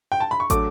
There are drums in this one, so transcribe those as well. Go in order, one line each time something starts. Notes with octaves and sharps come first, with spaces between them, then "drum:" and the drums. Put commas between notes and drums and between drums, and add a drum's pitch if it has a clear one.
G5
A5
B5
C#6
D3 F#3 A3 D6, drum: kick, hi-hat